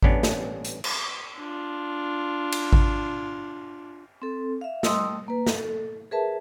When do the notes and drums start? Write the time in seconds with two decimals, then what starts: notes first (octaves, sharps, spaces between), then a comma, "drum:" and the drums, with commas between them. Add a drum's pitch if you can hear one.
0.02 A1 G2 B3 C#4 D4, drum: kick G#1
0.23 drum: snare
0.64 drum: hi-hat
0.84 drum: cymbal
1.38 D4 F4
2.52 drum: cymbal
2.73 drum: kick G#1
4.22 C4 A4
4.61 E5 F5
4.83 G3 A3 D#5 C6 D#6 E6, drum: snare
5.28 A#3 B4
5.47 A4, drum: snare
6.11 G#4 A#4 B4 E5 A5